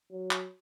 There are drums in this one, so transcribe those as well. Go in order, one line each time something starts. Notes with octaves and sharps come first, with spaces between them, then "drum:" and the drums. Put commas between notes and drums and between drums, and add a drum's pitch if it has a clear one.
F#3
drum: clap